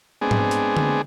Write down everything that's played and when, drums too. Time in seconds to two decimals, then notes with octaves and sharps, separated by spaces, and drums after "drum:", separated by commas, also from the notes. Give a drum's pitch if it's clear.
0.22 G#3 B3 C4 D4 G#4
0.31 drum: tom G#2
0.51 drum: hi-hat
0.77 drum: tom D3